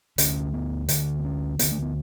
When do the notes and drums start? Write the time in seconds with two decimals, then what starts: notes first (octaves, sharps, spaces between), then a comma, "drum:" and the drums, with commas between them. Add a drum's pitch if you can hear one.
0.18 D2 D3 C#4, drum: hi-hat
0.53 B3
0.89 D2 D3 A3, drum: hi-hat
1.20 B3
1.24 C#4
1.59 D2 D3 B3, drum: hi-hat
1.72 A3
1.82 B3